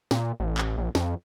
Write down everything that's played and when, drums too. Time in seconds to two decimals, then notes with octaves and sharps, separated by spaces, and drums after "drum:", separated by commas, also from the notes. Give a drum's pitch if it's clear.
0.11 A#2, drum: snare
0.40 A1
0.58 drum: clap
0.78 A#1
0.95 F2, drum: snare